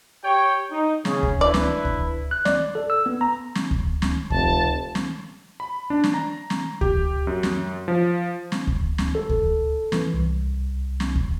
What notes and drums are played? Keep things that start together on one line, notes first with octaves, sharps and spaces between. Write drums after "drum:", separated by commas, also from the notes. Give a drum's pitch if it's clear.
G4 C#5 G5
D#4
C#3 C#4 G#4, drum: snare
drum: kick D2
D4 E4 B4 D5
drum: snare
drum: kick D2
F#6
D5, drum: snare
A4
E6
B3
A#5
drum: snare
drum: kick D2
drum: snare
F1 A5, drum: kick D2
drum: snare
B5
D4
drum: snare
A#5
drum: snare
G4, drum: kick D2
F#2
drum: snare
F3
drum: snare
drum: kick D2
drum: snare
A4
drum: kick D2
E3, drum: snare
C2
drum: snare
drum: kick D2